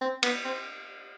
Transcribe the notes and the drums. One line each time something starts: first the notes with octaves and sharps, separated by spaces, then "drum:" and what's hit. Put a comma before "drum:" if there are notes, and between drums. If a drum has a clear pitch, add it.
C4
B3, drum: cymbal
C4